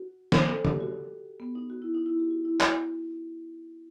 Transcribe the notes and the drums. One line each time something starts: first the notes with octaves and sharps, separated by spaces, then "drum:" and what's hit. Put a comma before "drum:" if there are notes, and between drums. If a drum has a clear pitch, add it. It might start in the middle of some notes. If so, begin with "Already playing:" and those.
Already playing: F#4
drum: snare
A4
G4, drum: tom C#3
F#4
B3
D#4
F#4
E4
D#4
E4
G4
F#4
E4
F#4, drum: clap